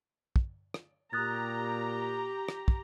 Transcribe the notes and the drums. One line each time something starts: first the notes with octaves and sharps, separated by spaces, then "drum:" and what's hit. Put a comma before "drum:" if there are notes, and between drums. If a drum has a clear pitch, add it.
drum: kick
drum: rim click
A#2 G4 A#5 D#6 F#6 A6
drum: rim click
drum: kick